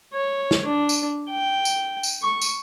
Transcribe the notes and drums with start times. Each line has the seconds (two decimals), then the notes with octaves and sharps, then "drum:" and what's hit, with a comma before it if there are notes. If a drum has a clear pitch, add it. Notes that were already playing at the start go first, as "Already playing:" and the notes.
0.13 C#5
0.51 drum: snare
0.65 D4
0.89 drum: tambourine
1.31 G5
1.65 drum: tambourine
2.03 drum: tambourine
2.23 C#6
2.41 drum: tambourine